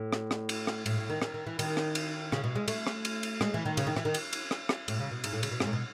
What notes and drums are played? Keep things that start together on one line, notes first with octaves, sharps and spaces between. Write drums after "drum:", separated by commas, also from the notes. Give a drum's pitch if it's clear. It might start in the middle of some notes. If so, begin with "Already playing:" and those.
Already playing: A2
drum: rim click
drum: rim click
drum: cymbal
drum: rim click
A2, drum: cymbal
A2
D#3
D#3, drum: rim click
D#3
E3
D#3, drum: cymbal
drum: rim click
drum: cymbal
C#3, drum: rim click
B2
G#3
A3, drum: cymbal
drum: rim click
drum: cymbal
drum: cymbal
G#3, drum: rim click
E3
D#3
C#3, drum: cymbal
D#3
E3, drum: rim click
D#3
drum: cymbal
drum: cymbal
drum: rim click
drum: rim click
A2, drum: cymbal
C#3
B2
G#2, drum: cymbal
A2
C#3, drum: cymbal
B2
G#2, drum: rim click
A2
B2